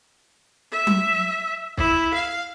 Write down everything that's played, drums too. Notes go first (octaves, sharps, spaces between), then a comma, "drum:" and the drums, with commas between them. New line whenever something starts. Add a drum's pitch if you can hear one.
E5
drum: tom F#3
E4, drum: kick
F5